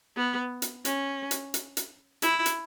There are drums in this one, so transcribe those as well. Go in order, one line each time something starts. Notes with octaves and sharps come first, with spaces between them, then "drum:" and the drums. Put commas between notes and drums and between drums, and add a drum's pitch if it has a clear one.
B3
drum: hi-hat
C#4, drum: hi-hat
drum: hi-hat
drum: hi-hat
drum: hi-hat
E4, drum: hi-hat
drum: hi-hat